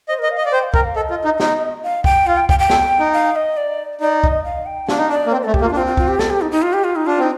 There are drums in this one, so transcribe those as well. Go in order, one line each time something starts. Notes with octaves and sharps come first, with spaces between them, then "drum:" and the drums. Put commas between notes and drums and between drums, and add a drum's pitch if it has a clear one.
C5 D#5
A#4 D#5
F5
D#5
D5 F5
C5 G5
F5
A#4 G5, drum: kick
F5
A4 D#5
F4
D#4
D#4, drum: snare
F5
G5, drum: kick
F4 F5
G5
G5, drum: kick
G5
A4, drum: snare
D#4
F5
D#5
D5
D#4 D5
D#5, drum: kick
F5
G5
D4 F5, drum: snare
D#4
D4 D5
A#3
C4 C5
A3 A4
G4, drum: kick
A#3
F4
D4
C4 F4
F4
F4, drum: kick
G4
A4, drum: snare
G4
D#4
D#4
F4
G4
F4
D#4
D4 F4
C4 D#4